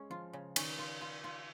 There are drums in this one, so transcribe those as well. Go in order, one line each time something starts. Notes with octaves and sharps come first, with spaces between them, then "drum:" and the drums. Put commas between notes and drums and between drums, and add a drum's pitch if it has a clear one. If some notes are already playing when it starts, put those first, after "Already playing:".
Already playing: G#3 C#4
F3 F4
C#3
D#3 C#4, drum: cymbal
F4
F4
F4